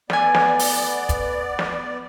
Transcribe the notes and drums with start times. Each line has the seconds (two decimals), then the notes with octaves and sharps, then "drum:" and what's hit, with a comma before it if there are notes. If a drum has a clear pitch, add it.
0.10 A3 B3 D5 G#5, drum: snare
0.35 drum: snare
0.59 drum: open hi-hat
1.09 drum: kick, hi-hat
1.59 drum: snare